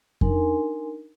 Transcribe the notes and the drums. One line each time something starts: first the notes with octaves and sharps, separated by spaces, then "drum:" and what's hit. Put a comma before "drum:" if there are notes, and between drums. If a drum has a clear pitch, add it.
D4 D#4 A#4 G#5 C6, drum: kick F2